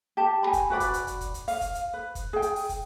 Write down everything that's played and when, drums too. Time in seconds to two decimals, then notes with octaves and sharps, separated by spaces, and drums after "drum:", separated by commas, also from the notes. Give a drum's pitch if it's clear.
0.17 G4 A5
0.43 G#5 B5
0.53 drum: kick, hi-hat
0.70 F#4 B4 D5 B5
0.80 drum: kick, hi-hat
0.94 drum: hi-hat
1.07 drum: kick, hi-hat
1.21 drum: kick, hi-hat
1.34 drum: hi-hat
1.48 F5, drum: open hi-hat
1.61 drum: kick, hi-hat
1.75 drum: hi-hat
1.93 B4
2.15 drum: kick, hi-hat
2.33 G#4 G5
2.42 drum: hi-hat
2.56 drum: open hi-hat
2.69 drum: kick, hi-hat